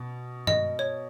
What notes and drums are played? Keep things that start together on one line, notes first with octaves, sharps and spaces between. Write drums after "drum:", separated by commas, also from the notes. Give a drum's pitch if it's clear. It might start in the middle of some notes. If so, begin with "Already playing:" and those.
Already playing: B2
D#5, drum: tom G2
C#5